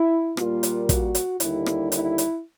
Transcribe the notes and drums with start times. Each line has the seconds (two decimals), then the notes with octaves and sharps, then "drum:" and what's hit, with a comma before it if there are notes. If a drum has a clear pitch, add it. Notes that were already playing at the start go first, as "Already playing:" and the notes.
Already playing: E4
0.37 A#2 G3 A#3 F4, drum: rim click
0.63 drum: hi-hat
0.89 F#4, drum: kick, hi-hat
1.15 drum: hi-hat
1.40 D#2 D3 G3 E4, drum: hi-hat
1.66 drum: rim click
1.92 E4, drum: hi-hat
2.18 drum: hi-hat